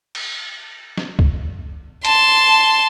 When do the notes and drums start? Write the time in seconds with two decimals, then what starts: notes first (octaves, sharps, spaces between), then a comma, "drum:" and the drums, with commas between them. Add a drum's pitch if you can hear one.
0.15 drum: cymbal
0.97 drum: snare
1.19 drum: kick
2.05 A5 C6, drum: hi-hat